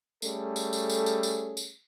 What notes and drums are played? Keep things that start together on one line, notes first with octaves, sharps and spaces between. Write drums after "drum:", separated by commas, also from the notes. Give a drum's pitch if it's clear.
G3 A3 C#4 G#4 A4, drum: tambourine
drum: tambourine
drum: tambourine
drum: tambourine
drum: tambourine
drum: tambourine
drum: tambourine